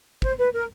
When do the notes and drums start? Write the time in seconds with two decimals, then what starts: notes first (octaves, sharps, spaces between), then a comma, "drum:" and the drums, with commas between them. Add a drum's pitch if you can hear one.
0.22 C5, drum: kick
0.38 B4
0.52 A#4